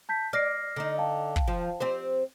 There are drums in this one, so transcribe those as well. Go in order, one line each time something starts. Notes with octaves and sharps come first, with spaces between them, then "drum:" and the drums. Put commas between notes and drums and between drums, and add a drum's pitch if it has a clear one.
A5 G6 B6
D5 F6 A#6 C7
D3 D#4
F5 G5 A5
drum: kick
F3
C4 G4 C5